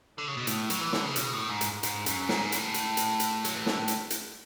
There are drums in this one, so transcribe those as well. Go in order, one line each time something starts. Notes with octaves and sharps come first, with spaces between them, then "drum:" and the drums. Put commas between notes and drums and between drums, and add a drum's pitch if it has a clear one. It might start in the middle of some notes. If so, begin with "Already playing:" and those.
D3
C#3
B2
A2, drum: hi-hat
F#3, drum: hi-hat
E3
D3, drum: snare
C#3
B2, drum: hi-hat
A2
G#2
drum: hi-hat
G#2, drum: hi-hat
F#2, drum: hi-hat
G#2, drum: snare
A2, drum: hi-hat
drum: hi-hat
drum: hi-hat
drum: hi-hat
F#3, drum: hi-hat
E3
D3, drum: snare
drum: hi-hat
drum: hi-hat